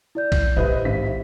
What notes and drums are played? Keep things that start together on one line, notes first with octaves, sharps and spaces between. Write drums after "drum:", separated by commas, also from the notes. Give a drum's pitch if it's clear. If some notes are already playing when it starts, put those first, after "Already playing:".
E4 D5 G6
drum: kick B1, cymbal
A1 E4 G4 B4 C5 D#5
G#1 B6
E4